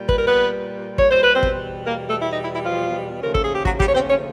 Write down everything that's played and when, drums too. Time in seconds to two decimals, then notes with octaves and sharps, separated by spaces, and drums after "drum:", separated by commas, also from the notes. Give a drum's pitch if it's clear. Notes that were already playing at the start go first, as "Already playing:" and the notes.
Already playing: A#2 G3
0.09 B4, drum: kick
0.19 A#4
0.27 B3 B4
0.98 C#5, drum: kick
1.11 C5
1.23 B4
1.35 C4 C5
1.43 E2 B2 G3, drum: kick
1.87 A#3 A#4
2.09 A3 A4
2.22 E4
2.31 D#4
2.43 E4
2.53 E4
2.65 F3 F4
3.21 D#2 C#3 F3 A3 C#4 A#4
3.35 A4, drum: kick
3.44 G#4
3.55 G4
3.65 F#3 F#4, drum: kick
3.80 G3 G4, drum: kick
3.89 C#5
3.95 C4 C5
4.10 C#4 C#5